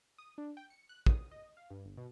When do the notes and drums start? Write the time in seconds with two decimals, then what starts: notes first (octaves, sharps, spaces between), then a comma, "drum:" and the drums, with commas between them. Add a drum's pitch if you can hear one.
0.18 D#6
0.38 D4
0.57 G5
0.70 C#7
0.89 F#6
1.06 D#6, drum: kick
1.31 D#5
1.57 F5
1.70 G2
1.85 G1
1.97 B2